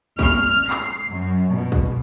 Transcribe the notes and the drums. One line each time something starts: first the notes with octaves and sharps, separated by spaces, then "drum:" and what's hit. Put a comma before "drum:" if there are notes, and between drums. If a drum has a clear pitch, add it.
F6, drum: kick
C7, drum: clap
F#2
B2
drum: kick